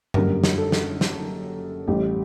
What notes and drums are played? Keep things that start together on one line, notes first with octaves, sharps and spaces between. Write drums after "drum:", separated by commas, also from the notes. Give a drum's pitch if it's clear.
F#1 F#2 D3 G3 A#4, drum: tom G2
drum: snare
A4
drum: snare
drum: snare
A1 A2 G3 G4